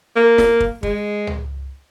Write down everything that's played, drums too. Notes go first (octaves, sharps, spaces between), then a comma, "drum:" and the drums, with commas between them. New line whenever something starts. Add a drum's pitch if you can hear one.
A#3
drum: snare
drum: kick
G#3, drum: kick
drum: tom C#2